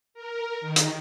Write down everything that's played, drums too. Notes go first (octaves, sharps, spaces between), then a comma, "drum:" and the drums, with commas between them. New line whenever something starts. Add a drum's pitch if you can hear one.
A#4
D#3
drum: hi-hat